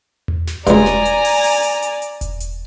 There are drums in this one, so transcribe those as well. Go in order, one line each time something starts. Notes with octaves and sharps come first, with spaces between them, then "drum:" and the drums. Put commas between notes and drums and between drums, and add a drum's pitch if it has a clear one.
drum: tom E2
drum: snare
C#2 G2 D5 G#5 A#5, drum: kick E1, hi-hat
drum: snare
drum: hi-hat
drum: open hi-hat
drum: open hi-hat
drum: hi-hat
drum: hi-hat
drum: hi-hat
drum: kick E1, hi-hat
drum: hi-hat